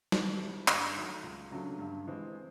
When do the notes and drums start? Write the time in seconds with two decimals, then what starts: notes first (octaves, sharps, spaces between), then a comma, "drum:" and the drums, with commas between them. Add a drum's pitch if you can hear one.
0.12 D#3, drum: snare
0.40 G3 C4 E4
0.68 G2, drum: clap
0.95 D#3 F#3 A3
1.24 C#2
1.51 C#3 F#3 A3 D4
1.79 G2
2.07 E3 G#3 C4